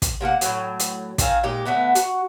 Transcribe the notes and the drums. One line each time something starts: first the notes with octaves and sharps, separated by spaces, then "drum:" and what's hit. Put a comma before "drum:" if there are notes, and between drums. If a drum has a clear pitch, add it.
drum: kick, hi-hat
C3 A#3 A4 F#5
A2 F#3, drum: hi-hat
drum: hi-hat
D#3 C4 G#4 F5, drum: kick, hi-hat
A#2 G#3 D#4 G4
D3 A3 B3 F#5
F#4, drum: hi-hat